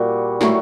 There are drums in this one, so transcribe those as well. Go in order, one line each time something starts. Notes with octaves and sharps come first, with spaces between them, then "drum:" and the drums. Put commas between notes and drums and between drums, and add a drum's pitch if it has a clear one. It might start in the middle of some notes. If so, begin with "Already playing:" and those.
Already playing: A#2 G3 F#4
A2 F#3 A3, drum: snare